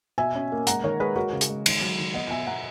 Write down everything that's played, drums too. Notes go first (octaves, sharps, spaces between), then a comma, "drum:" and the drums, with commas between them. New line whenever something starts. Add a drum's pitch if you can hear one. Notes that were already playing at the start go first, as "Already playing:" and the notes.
B2 E5 G#5
C#4
A#3
G#3 F#5 A#5, drum: hi-hat
D#3 A#4 C#5
G#3 G#4 B4
G#3 F#4 A#4
C#3
G#4, drum: hi-hat
G#3
D#3, drum: cymbal
F#3
D#3
B3 D#5 F#5
B2 E5 G#5
B3 F#5 A#5